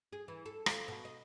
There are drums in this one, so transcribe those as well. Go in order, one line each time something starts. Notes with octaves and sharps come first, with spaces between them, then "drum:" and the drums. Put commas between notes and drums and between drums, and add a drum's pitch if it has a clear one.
G#4
E3
A4
F4, drum: rim click
B2
D#5